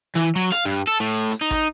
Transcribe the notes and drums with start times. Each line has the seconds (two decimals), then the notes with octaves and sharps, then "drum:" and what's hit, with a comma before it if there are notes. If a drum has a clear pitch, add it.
0.15 E3, drum: hi-hat
0.36 F#3
0.52 F5, drum: hi-hat
0.66 G2
0.88 A4
1.01 A2
1.31 drum: hi-hat
1.41 D#4
1.51 drum: kick, hi-hat